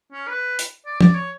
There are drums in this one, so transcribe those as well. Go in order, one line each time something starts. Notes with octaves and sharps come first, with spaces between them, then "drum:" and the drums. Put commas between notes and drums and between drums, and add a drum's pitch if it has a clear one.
C#4
B4
drum: hi-hat
D5
D5, drum: tom
C#5